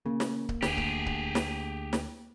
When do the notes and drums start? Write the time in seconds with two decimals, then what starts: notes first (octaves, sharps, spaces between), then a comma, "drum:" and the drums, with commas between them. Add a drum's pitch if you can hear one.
0.06 C#3 A#3
0.20 drum: snare
0.49 drum: kick C#1
0.62 D2 G4 G#4, drum: snare
0.78 drum: kick C#1
1.06 drum: kick C#1
1.35 drum: snare
1.93 drum: snare